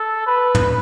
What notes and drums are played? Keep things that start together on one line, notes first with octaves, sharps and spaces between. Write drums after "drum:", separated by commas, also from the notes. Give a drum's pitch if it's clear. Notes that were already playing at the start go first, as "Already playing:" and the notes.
Already playing: A4
B4
drum: tom